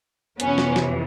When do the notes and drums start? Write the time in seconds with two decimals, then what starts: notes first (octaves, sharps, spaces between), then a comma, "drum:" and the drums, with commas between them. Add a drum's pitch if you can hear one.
0.40 F2 C3 E3 B3 C#4, drum: hi-hat
0.58 drum: snare
0.76 drum: snare